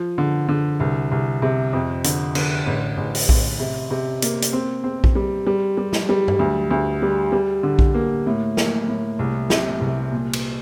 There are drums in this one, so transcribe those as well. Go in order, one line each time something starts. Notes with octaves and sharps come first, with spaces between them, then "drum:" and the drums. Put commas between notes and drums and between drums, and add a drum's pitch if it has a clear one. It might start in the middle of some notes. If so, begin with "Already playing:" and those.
Already playing: F3
D3
D3
C2
C2
C3
F2
D3, drum: hi-hat
D3, drum: cymbal
A1
A1
drum: open hi-hat
A1, drum: kick A#1
C3
C3
A#3, drum: hi-hat
drum: hi-hat
C4
C4
drum: kick A#1
G3
G3
G3
drum: snare
G3
drum: tom G2
D2
D2
G3
G3
D3
drum: kick A#1
A#3
A2
A#3, drum: snare
A2
C2
C3, drum: snare
C2
A#2
drum: cymbal